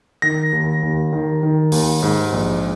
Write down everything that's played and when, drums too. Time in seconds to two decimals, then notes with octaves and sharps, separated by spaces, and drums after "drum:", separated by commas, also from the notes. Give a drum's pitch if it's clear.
0.22 D#3 A#6
0.53 D#2
0.83 D#2
1.13 D#3
1.43 D#3
1.72 D#2, drum: open hi-hat
2.03 G#2
2.32 A#1